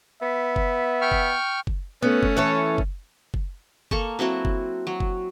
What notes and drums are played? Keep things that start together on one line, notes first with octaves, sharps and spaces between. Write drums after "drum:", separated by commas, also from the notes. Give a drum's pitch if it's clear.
B3 E5
drum: kick F#1
G5 C#6 F6
drum: kick F#1
drum: kick F#1
A3 B3 C#4
drum: kick F#1
E3 A4 C#5
drum: kick F#1
drum: kick F#1
A#3 A4 C#6, drum: kick F#1
F#3 C4 E4 F#4
drum: kick F#1
F#3
drum: kick F#1